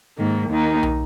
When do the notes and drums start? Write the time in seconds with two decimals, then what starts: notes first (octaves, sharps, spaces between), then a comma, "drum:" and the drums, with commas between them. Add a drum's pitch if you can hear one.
0.17 G#2 D#3 A#3
0.50 D#2 D#3 A#3 D#4
0.83 drum: tom B1